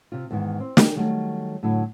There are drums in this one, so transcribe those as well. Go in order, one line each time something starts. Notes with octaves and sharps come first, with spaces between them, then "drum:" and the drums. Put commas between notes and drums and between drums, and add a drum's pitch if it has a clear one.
C3 F4
E2 G#2 D#3
C4
G4 A#4, drum: snare
D#3 F#3 G3 A3
A2 D3 F#3 E4